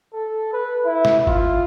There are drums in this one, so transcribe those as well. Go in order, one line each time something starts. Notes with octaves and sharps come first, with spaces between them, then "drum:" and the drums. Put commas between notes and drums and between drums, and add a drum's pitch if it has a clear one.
A4
B4
E4
drum: snare
F4, drum: kick G1